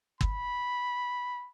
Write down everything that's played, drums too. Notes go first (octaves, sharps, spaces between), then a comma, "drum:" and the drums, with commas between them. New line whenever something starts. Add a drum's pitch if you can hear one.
B5, drum: kick G1